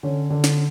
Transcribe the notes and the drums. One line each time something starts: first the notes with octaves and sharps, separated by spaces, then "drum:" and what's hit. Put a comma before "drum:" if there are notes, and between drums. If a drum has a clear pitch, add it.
D3 C#4
D3 D4
drum: snare